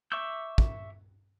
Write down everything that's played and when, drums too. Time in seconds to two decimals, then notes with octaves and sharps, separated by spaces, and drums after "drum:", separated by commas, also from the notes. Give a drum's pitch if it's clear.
0.12 E5 C#6 D6 E6 G6
0.58 drum: kick